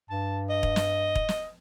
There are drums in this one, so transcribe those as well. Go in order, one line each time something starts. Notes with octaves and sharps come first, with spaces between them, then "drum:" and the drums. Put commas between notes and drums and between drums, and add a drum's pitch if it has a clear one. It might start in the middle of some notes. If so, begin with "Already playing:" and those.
G2 A5
D#5
drum: kick E1
drum: snare
drum: kick E1
drum: snare